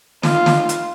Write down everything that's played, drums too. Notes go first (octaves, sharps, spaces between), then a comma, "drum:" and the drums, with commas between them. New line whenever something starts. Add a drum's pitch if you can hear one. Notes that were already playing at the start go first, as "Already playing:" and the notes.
F4, drum: snare
drum: snare
drum: hi-hat